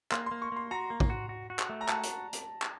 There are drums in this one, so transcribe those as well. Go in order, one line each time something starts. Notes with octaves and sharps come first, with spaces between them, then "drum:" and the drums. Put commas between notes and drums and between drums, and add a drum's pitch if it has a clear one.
A#3 C6, drum: clap
A#3 C6
C#6
A#3 C6
F#4 A#5
A#3
drum: kick
F#4
F#4
F#4
drum: clap
A3
A#5
F#4 A5, drum: clap
drum: hi-hat
drum: hi-hat
drum: clap